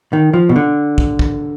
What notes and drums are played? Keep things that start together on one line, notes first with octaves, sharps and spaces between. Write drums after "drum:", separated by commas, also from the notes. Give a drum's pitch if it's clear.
D#3
F3
B2
D3
drum: kick
drum: kick